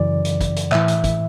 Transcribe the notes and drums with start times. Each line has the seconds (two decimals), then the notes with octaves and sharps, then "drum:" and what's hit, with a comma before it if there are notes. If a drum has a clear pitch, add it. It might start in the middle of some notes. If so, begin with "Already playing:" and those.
Already playing: F#2 C#3 E3 D5
0.25 drum: hi-hat
0.41 drum: kick, hi-hat
0.56 drum: hi-hat
0.72 A2 E3 E5, drum: clap
0.88 drum: hi-hat
1.04 drum: kick, hi-hat